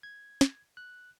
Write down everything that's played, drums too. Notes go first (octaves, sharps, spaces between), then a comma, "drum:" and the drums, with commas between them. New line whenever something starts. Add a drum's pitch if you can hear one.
G#6
drum: snare
F#6